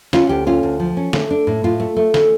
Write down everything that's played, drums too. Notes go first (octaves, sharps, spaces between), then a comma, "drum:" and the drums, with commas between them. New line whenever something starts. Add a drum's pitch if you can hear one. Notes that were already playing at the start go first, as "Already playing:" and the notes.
C#4 F4, drum: snare
D2 G4
C#4 F4
D2
F3
C#4
A3, drum: snare
D4
A2
A2 F4
A3
A3
C#4, drum: snare